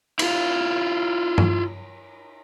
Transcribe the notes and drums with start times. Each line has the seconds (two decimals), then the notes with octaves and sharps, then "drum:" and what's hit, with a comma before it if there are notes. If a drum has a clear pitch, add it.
0.19 E4 F4, drum: cymbal
1.38 drum: tom G2